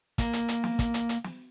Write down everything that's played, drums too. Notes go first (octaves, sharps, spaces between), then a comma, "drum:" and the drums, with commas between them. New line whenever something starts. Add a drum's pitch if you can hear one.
A#3, drum: kick, hi-hat
drum: hi-hat
drum: hi-hat
drum: snare
drum: kick, hi-hat
drum: hi-hat
drum: hi-hat
drum: snare